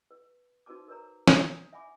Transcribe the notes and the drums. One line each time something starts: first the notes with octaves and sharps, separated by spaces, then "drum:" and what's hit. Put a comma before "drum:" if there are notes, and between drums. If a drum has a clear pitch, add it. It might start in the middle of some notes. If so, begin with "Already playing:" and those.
B4
D#4 F#4 B4 C5 A5 D6
A#4 B4 C#5 A#5
drum: snare
D4 C#5 D#6
E5 F#5 G#5 B5 D6